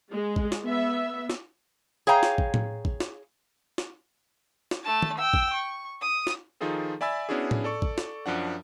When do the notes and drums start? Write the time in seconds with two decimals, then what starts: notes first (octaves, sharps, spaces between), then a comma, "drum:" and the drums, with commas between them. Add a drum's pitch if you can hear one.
0.12 G#3
0.36 drum: kick
0.52 drum: snare
0.65 B3 E5
1.30 drum: snare
2.07 G#4 C#5 F5 G5 A#5
2.23 drum: snare
2.38 drum: kick
2.54 drum: tom A2
2.85 drum: kick
3.00 drum: snare
3.78 drum: snare
4.71 drum: snare
4.83 A3 A5
5.02 drum: tom
5.18 G5 E6
5.33 drum: kick
5.54 C#6
6.01 D#6
6.27 drum: snare
6.60 D#3 F3 D#4 F4 G#4 A4
7.01 D5 E5 G#5 B5 E6 A6
7.29 B3 C#4 D4 E4 F#4 G#4
7.51 drum: tom A2
7.64 A4 D5 C#6
7.82 drum: kick
7.98 drum: snare
8.26 F#2 F3 D4 F#5